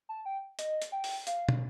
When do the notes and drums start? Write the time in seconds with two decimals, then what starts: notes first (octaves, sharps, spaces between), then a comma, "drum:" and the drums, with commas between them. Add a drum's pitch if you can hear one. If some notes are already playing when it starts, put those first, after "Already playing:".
0.09 A5
0.26 G5
0.59 D#5, drum: hi-hat
0.82 drum: hi-hat
0.92 G5
1.04 drum: open hi-hat
1.27 F5, drum: hi-hat
1.49 drum: tom